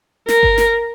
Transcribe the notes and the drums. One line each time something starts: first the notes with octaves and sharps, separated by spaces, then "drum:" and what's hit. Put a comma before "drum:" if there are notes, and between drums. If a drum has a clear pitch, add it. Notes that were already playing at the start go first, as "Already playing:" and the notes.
A#4, drum: snare
drum: kick G1
drum: snare